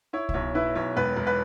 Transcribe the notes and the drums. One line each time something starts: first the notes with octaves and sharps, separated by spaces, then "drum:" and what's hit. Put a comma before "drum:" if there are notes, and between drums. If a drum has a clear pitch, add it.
E4 C#5
E5, drum: kick C2
B1 C#5
E4 B4 E5
B1 C#5
E1 B4
E1
B4